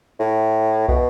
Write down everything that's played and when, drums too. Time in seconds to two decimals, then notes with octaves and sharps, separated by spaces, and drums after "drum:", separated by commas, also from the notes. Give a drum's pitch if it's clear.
0.20 A2
0.88 B2, drum: kick